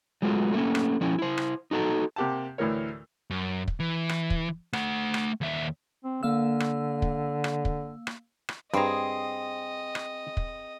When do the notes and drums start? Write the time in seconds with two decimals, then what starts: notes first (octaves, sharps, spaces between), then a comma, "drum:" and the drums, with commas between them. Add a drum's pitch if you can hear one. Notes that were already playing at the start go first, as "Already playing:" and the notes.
0.22 F#3 G#3 A3 B3 F4
0.54 A3 A#3 C#4
0.75 drum: rim click
1.01 F3 C#4 E4
1.19 E4 C5
1.38 drum: rim click
1.71 D#4 F#4 A4 A#5
2.16 C3 A#3 G4 F#5 A5
2.58 D2 A2 E3 A#4 C#5
3.30 F#2
3.68 drum: kick
3.80 E3
4.09 drum: rim click
4.30 drum: kick
4.73 A3 F#5, drum: rim click
5.14 drum: rim click
5.41 D#2 E5
6.04 C4
6.23 D3 A#3 F5 E6
6.60 drum: rim click
7.02 drum: kick
7.44 drum: rim click
7.65 drum: kick
8.07 drum: rim click
8.49 drum: rim click
8.74 G2 C4 G#4 D#5 A#5
9.95 drum: rim click
10.37 drum: kick